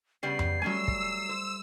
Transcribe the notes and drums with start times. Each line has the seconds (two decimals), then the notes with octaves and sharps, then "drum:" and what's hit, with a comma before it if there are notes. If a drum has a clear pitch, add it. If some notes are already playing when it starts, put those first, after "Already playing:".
0.23 C#3 G3 B3 C7
0.39 drum: tom F2
0.62 F#3 G3 A3 C#4 G#5 E6
0.88 drum: kick
1.29 C5